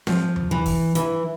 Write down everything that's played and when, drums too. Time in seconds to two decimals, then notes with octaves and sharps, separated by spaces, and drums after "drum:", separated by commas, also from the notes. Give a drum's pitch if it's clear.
0.07 F3, drum: snare C4
0.36 drum: tom D#2
0.51 E3
0.66 drum: kick, open hi-hat
0.95 E3, drum: hi-hat